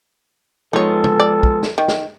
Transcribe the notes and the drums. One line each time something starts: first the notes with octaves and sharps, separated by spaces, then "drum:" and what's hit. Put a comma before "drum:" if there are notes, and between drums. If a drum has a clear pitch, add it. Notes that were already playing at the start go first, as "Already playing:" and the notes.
F3 G#3 B3 D#4 A4 C#5
drum: tom
D5
drum: kick
drum: snare
D#3
drum: snare